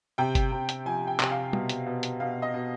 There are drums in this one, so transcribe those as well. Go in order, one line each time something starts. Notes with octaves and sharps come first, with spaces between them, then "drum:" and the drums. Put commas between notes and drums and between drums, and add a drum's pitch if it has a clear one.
C3 G5
drum: kick G1, hi-hat
C3
drum: hi-hat
F3 G#5
G5
C3, drum: clap
F5
B2, drum: tom
drum: hi-hat
B2
drum: hi-hat
B2 F5
D#5
B2